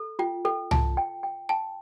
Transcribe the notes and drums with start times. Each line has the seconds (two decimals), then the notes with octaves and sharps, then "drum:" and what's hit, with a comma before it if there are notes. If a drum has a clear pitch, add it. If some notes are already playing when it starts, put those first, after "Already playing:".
Already playing: A4
0.19 F4 G5
0.45 A4 G5
0.71 F4 A5, drum: tom C2
0.97 G5
1.23 G5
1.49 G5 A5